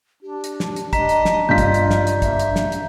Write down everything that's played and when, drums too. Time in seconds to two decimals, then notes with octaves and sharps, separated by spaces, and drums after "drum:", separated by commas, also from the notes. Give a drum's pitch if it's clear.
0.22 D4 G4
0.44 drum: hi-hat
0.60 drum: snare
0.76 drum: hi-hat
0.93 D4 D#5 A#5 B6, drum: kick, hi-hat
1.09 drum: hi-hat
1.25 drum: snare
1.49 G2 F4 D#5 G6 B6
1.58 drum: kick, hi-hat
1.74 drum: hi-hat
1.91 drum: snare
2.07 drum: hi-hat
2.22 A#3 E5, drum: kick, hi-hat
2.39 drum: hi-hat
2.56 drum: snare
2.72 drum: hi-hat